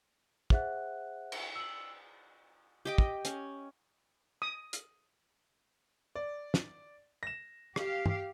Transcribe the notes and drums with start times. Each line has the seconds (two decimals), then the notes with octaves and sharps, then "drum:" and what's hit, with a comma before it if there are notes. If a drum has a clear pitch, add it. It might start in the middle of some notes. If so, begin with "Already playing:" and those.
0.50 G#4 C5 E5 F#5 F#6, drum: kick
1.32 drum: cymbal
1.55 E6 F#7
2.85 G4 D#5 G5
2.98 drum: kick
3.25 C#4, drum: hi-hat
4.42 D#6
4.73 drum: hi-hat
6.15 D5
6.54 drum: snare
7.23 A#6 E7
7.76 G4 F5, drum: rim click
8.06 drum: tom